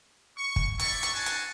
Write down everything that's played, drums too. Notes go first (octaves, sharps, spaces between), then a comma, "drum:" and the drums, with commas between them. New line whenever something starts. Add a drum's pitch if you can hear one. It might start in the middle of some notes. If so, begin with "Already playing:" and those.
C#6
drum: kick
E4 D5 C#6, drum: hi-hat
drum: hi-hat
D4 F#4 G#5 A5 C#6
drum: hi-hat